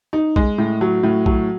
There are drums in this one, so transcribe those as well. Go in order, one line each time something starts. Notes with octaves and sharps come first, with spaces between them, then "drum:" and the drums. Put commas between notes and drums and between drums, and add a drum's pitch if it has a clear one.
D#4
G#3, drum: kick
A2
F#3
A2
F#3, drum: kick